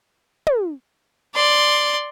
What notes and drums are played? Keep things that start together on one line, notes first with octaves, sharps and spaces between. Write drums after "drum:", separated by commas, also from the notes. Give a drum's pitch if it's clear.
drum: tom
D5 C6